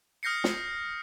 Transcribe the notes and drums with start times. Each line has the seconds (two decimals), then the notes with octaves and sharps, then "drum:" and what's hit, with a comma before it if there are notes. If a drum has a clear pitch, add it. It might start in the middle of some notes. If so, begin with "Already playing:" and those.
0.23 D#6 F6 G6 A#6 C7 C#7
0.44 drum: snare